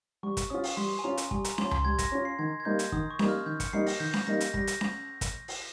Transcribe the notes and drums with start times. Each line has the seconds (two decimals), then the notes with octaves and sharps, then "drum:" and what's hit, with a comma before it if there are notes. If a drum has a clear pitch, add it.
0.23 G3 C#6
0.37 drum: kick, hi-hat
0.50 C#4 F4 D#6
0.64 drum: open hi-hat
0.77 G3 C6
0.99 G#5
1.04 C#4 F4 A#5
1.17 drum: hi-hat
1.31 G3 G#5, drum: kick
1.44 A#5, drum: hi-hat
1.58 C#4 F4 C6, drum: snare C#4
1.71 C6, drum: tom C#2
1.85 G3 G#6
1.98 A#6, drum: kick, hi-hat
2.12 C#4 F4
2.25 C7
2.39 D#3 G#6
2.60 G#6
2.65 G3 A#3 D#4 G6
2.79 drum: hi-hat
2.92 D#3 D#6, drum: kick
3.10 C#6
3.19 G3 A#3 D#4, drum: snare C#4
3.29 F6
3.46 D#3 G6
3.60 C#7, drum: kick, hi-hat
3.73 G3 A#3 D#4 C7
3.87 A#6, drum: open hi-hat
4.00 D#3 G6
4.14 drum: snare C#4
4.27 G3 A#3 D#4 A#6
4.40 drum: hi-hat
4.54 G3 A#6, drum: kick
4.67 drum: hi-hat
4.81 drum: snare C#4
5.21 drum: kick, hi-hat
5.48 drum: open hi-hat